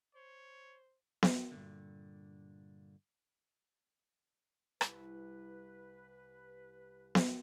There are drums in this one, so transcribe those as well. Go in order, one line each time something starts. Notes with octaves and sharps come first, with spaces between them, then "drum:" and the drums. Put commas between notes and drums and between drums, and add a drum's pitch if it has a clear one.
C5 C#5
drum: snare B3
G2 A#2 D3
C2 E4 B4, drum: rim click
drum: snare B3